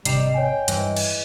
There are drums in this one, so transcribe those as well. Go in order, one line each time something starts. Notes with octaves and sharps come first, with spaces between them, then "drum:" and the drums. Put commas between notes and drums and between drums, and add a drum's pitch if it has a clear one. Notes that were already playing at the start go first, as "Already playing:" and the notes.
G#1 C3 G3 D#4 C7 E7 F7, drum: hi-hat
C#5 G5 G#5
G2 E3 G#3, drum: hi-hat
drum: cymbal